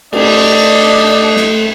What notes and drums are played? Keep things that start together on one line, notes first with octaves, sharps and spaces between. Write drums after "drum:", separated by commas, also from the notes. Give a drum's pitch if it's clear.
A3 D4 D#5, drum: cymbal
drum: snare